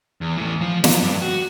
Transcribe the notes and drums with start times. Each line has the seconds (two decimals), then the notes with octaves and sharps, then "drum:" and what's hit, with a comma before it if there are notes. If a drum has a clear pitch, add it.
0.21 E2
0.37 E3 A3
0.61 F3
0.84 F3 F#3, drum: snare
1.02 G2
1.22 F#4